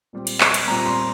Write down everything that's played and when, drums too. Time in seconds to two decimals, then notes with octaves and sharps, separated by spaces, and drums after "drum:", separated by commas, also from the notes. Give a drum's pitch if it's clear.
0.13 A#2 G3 C4
0.27 drum: cymbal
0.41 drum: clap
0.54 drum: cymbal
0.67 A#2 G3 C4 A#5
0.86 C6